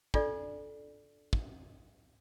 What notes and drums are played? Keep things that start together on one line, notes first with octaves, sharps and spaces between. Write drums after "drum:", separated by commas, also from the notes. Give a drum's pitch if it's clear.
D4 F4 A4 D5, drum: kick
drum: kick